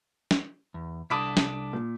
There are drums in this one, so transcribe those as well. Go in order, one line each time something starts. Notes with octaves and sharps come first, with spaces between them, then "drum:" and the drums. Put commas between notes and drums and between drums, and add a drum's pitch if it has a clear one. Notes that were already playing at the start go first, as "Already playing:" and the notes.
drum: snare
E2
C2 D4 A4 D6 D#6 B6
drum: snare
A#2